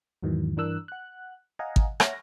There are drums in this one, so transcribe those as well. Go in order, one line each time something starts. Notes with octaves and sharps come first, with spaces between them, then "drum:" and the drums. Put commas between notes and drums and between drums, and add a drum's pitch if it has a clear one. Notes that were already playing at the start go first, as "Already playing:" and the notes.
E2 G#2 D#3 E3 F#3
G2 E3 D4 A#4 E6 F#6
F#5 F#6
D#5 F5 F#5 G#5 A#5
drum: kick
C#5 E5 F#5 F6 A#6, drum: rim click